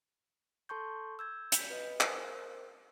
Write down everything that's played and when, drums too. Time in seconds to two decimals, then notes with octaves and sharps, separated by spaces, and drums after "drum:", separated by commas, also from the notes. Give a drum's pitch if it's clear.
0.69 A4 A5 C6 C#6 G6
1.19 E6 G6 G#6
1.52 G6 B6, drum: hi-hat
1.70 B4 D#5
2.00 A#4 C5, drum: clap